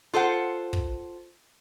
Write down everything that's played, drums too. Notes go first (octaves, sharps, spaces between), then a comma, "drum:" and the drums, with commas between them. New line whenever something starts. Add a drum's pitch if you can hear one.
F4 A4 C5 F#5
drum: kick